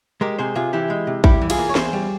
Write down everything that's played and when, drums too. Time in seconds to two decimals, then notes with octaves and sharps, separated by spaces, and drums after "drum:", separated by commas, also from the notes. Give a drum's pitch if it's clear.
0.21 G#3 G4 A#4
0.39 C3 G#4 C5
0.55 C3 F4 G#4
0.73 E3 E4 G4
0.90 G#3
1.07 C3
1.24 G3 E4 G4, drum: kick
1.42 E3
1.50 F4 G#4, drum: cymbal
1.58 A#3
1.69 C#5
1.75 E2 G#4 C5, drum: snare
1.93 G3